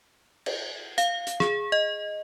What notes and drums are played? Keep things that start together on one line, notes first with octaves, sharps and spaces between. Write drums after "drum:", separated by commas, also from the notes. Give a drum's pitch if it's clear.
drum: cymbal
F5, drum: hi-hat
drum: hi-hat
G#4, drum: snare
D#5